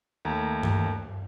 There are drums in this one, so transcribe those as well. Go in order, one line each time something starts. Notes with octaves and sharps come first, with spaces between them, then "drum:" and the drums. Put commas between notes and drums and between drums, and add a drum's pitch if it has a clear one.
D#2 A3 A#5
drum: tom G2